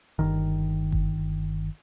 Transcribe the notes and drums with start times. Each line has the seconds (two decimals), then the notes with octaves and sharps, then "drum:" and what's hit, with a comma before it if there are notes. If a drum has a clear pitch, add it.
0.19 G1 C2 D#3
0.92 drum: kick F#1